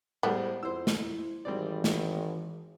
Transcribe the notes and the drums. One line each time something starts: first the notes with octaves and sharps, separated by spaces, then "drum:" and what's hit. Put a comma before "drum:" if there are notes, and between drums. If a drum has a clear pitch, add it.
A2 G3 G#3 B3 C5
F2 E4 C5 E6
drum: snare
G#1 E3 G3 C4 D5
drum: snare